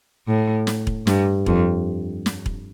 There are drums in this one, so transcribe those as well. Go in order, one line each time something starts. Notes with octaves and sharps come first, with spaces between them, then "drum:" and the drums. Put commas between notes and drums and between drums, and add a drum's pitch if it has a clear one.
A2
drum: snare
drum: kick E1
G2, drum: snare
F2, drum: kick E1
drum: snare
drum: kick E1